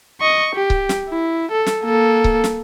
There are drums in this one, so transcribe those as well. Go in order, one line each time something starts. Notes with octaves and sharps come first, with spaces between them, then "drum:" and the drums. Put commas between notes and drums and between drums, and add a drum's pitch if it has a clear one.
D#5 C#6
G4
drum: kick C#1
drum: snare
E4
A4
drum: snare
A#3 A4
drum: kick C#1
drum: snare